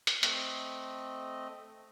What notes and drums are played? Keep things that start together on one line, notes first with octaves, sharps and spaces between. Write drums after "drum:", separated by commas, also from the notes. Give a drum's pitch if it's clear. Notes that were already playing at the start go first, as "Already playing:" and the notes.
drum: hi-hat
A3 C4 D#5, drum: hi-hat